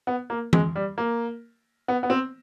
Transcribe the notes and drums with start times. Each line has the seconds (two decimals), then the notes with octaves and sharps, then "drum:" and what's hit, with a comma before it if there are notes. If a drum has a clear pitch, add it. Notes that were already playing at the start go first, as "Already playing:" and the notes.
0.07 B3
0.30 A#3
0.53 G#3, drum: tom E3
0.76 G3
0.98 A#3
1.88 B3
2.03 B3
2.10 C4